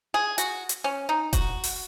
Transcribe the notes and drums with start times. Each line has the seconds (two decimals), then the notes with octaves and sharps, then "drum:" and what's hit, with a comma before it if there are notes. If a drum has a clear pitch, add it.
0.14 G#4
0.38 F#4, drum: hi-hat
0.69 drum: hi-hat
0.84 C#4
1.09 D#4
1.33 F#4, drum: kick E1, hi-hat
1.64 drum: open hi-hat